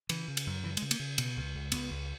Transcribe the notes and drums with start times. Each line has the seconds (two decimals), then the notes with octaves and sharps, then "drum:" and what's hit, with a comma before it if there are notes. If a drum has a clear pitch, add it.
0.09 C#3 E3, drum: cymbal
0.28 C#3
0.37 drum: cymbal
0.47 F#2
0.64 C#3 E3
0.77 G#3, drum: cymbal
0.82 C#3
0.91 A#3, drum: cymbal
1.00 C#3
1.18 B2, drum: cymbal
1.37 C#2
1.54 C#2
1.72 C#2 B3, drum: cymbal
1.91 C#2